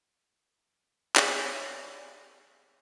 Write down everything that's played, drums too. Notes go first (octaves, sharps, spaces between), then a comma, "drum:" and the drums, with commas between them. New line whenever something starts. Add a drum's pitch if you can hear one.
G4 G#4 C#5 D5, drum: clap